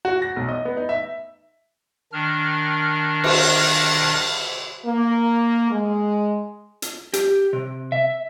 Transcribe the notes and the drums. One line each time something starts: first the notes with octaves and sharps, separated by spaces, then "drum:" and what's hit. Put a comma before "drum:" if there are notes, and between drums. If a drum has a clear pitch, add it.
F#4
A#6
B1
D#5
B3
D#4
E5
D#3 D4 F6
drum: cymbal
A#3
G#3
drum: hi-hat
G4, drum: hi-hat
C3
E5